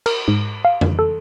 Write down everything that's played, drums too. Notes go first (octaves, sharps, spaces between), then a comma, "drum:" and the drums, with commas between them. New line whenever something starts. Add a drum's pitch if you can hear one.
A#4, drum: cymbal
G#2
F5
drum: tom F2
A4